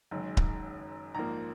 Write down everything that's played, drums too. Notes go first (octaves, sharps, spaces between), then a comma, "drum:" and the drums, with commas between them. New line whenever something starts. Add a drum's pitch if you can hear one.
F#1 F#2 D#3 G#3
drum: kick D1
A#1 G#2 F3 A#3 A#5